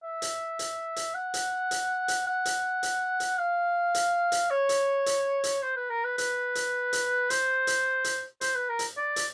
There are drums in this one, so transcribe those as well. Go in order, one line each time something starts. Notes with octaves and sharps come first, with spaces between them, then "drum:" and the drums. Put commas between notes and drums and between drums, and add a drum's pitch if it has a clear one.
E5
drum: hi-hat
drum: hi-hat
drum: hi-hat
F#5
drum: hi-hat
drum: hi-hat
drum: hi-hat
F#5
drum: hi-hat
drum: hi-hat
drum: hi-hat
F5
drum: hi-hat
drum: hi-hat
C#5
drum: hi-hat
drum: hi-hat
drum: hi-hat
C5
B4
A#4
B4
B4, drum: hi-hat
drum: hi-hat
drum: hi-hat
C5, drum: hi-hat
drum: hi-hat
drum: hi-hat
C5, drum: hi-hat
B4
A#4
drum: hi-hat
D5
drum: hi-hat